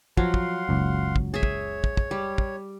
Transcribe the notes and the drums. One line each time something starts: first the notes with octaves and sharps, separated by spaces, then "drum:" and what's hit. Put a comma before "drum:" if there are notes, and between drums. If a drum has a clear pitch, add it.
F3 F#3 F5 F#5 C6, drum: kick
drum: kick
F#1 C#2
drum: kick
G#4 C#5 E5
drum: kick
drum: kick
drum: kick
G3
drum: kick